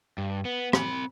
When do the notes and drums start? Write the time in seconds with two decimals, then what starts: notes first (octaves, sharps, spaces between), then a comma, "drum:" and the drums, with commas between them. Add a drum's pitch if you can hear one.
0.18 G2
0.45 B3
0.73 C4 B5, drum: rim click